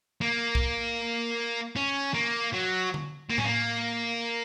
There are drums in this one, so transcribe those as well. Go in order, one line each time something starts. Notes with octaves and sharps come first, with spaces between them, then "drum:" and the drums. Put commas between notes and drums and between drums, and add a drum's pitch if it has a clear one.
A#3
drum: kick
C#4
A#3
F#3
drum: tom D3
A#3
C#4, drum: tom A2
A#3